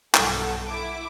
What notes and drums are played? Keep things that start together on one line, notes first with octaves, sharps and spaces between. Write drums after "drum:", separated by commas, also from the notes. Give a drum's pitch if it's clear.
B1 G2 A4 F#5, drum: clap
E4 D6